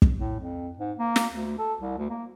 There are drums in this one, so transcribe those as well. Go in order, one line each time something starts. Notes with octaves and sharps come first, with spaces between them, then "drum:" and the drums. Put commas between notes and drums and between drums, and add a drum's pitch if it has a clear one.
drum: kick
A2
F2
G#2
A#3
drum: snare
D2
A4
C2
D2
A#3